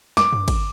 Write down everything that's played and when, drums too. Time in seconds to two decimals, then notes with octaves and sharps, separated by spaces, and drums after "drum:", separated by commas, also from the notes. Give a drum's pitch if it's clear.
0.17 D6, drum: snare
0.33 drum: tom F#2
0.48 drum: kick, cymbal